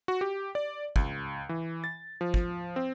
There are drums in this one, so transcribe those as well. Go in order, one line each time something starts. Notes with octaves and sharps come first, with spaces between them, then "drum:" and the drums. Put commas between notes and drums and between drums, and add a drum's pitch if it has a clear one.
F#4
G4
D5
C#2, drum: kick
E3
A6
F3
drum: kick
C4